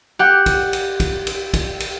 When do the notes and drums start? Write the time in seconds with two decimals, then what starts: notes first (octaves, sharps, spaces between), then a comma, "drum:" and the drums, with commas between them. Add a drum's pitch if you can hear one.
0.19 G4 F#5
0.46 drum: kick, cymbal
0.73 drum: cymbal
1.00 drum: kick, cymbal
1.27 drum: cymbal
1.54 drum: kick, cymbal
1.80 drum: cymbal